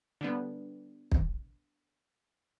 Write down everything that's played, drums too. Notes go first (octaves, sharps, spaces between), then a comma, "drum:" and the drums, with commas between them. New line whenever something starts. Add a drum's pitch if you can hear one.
D3 G3 B3
drum: kick